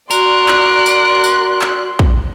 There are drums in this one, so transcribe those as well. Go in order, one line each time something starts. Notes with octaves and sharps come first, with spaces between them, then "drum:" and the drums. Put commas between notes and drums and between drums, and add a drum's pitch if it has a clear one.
F#4 A#4 D5 C6 F#6, drum: tambourine
drum: clap
drum: tambourine
drum: tambourine
drum: clap
drum: kick